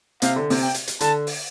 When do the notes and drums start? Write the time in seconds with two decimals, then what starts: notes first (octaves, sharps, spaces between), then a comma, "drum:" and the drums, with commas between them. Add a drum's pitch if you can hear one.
0.22 C3 F5, drum: hi-hat
0.36 D3
0.50 C3, drum: open hi-hat
0.61 G5
0.74 drum: hi-hat
0.88 drum: hi-hat
1.01 D3 A5, drum: hi-hat
1.27 drum: open hi-hat